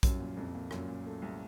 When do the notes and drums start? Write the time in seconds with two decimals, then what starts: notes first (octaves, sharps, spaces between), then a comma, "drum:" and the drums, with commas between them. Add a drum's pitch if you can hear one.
0.03 C2 F#2, drum: kick, hi-hat
0.20 A#2
0.37 C2 F2
0.55 A#2
0.71 F#2 A#2, drum: rim click
0.88 A#2
1.06 A3
1.22 C2